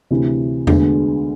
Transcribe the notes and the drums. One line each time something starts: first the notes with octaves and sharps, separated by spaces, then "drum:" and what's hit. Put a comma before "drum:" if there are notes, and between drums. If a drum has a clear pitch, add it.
D2 C3 E3
D2 D3 G#3 B3, drum: tom E2